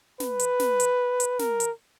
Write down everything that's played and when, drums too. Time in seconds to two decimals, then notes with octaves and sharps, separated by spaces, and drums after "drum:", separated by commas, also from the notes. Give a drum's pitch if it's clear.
0.20 B4, drum: snare
0.39 drum: hi-hat
0.60 drum: snare
0.80 drum: hi-hat
1.20 drum: hi-hat
1.39 A#4, drum: snare
1.60 drum: hi-hat